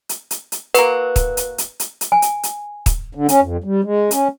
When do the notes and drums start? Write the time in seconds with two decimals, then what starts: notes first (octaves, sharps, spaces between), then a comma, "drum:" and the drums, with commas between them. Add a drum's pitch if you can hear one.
0.09 drum: hi-hat
0.31 drum: hi-hat
0.52 drum: hi-hat
0.74 A#3 F#4 B4, drum: hi-hat
1.16 drum: kick, hi-hat
1.37 drum: hi-hat
1.58 drum: hi-hat
1.80 drum: hi-hat
2.01 drum: hi-hat
2.12 G#5
2.22 drum: hi-hat
2.43 drum: hi-hat
2.86 drum: kick, hi-hat
3.15 D3
3.29 C#4, drum: hi-hat
3.42 F2
3.64 G3
3.84 G#3
4.11 C#4, drum: hi-hat